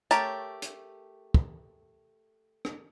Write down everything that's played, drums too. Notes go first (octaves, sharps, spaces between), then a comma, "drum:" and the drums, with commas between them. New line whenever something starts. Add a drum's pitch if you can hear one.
A3 G4 A#4 C#5 A5, drum: hi-hat
drum: hi-hat
drum: kick
drum: rim click